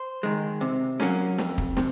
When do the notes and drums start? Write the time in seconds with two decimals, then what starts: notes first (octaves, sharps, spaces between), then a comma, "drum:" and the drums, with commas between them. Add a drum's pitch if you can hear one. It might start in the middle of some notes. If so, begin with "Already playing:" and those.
Already playing: C5
0.23 D#3 G#3
0.61 C3
1.00 F#3 A#3 C#4, drum: snare
1.38 F2, drum: snare
1.58 drum: kick
1.77 C3, drum: snare